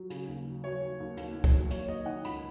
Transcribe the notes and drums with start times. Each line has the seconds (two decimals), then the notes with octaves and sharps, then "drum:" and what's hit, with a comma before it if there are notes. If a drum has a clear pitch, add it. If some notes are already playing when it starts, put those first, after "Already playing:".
Already playing: F#3
0.10 C#3, drum: hi-hat
0.28 D#2
0.46 F#3
0.64 F#3 C#5
0.82 F#3
1.00 D#2
1.17 D#2, drum: hi-hat
1.35 D#2
1.44 drum: kick, hi-hat
1.53 F#3
1.70 D#2 C#5, drum: hi-hat
1.88 D#2 D#5
2.06 D#3 F#5
2.24 C#2 B5, drum: hi-hat